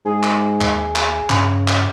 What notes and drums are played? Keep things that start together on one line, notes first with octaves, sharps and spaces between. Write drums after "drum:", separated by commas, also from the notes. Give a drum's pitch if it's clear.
G#2 G#4
drum: clap
D#2, drum: clap
drum: clap
G2 C#3, drum: clap
drum: clap